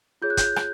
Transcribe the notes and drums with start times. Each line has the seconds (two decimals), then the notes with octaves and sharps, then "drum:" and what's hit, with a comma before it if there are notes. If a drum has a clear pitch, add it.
0.22 F4 G#4 C#5 G6
0.30 F#6
0.37 G6, drum: kick, hi-hat
0.56 drum: rim click